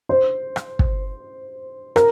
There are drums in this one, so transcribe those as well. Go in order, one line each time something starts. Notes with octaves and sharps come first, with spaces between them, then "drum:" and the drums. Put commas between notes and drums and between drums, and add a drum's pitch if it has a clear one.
C5
drum: rim click
drum: kick
A#4, drum: rim click